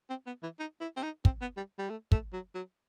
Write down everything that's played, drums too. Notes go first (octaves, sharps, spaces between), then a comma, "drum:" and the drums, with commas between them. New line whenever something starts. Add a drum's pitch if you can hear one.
C4
B3
E3
D#4
E4
C4
D#4
C4, drum: kick
B3
G3
G3
A3
A3, drum: kick
F#3
F#3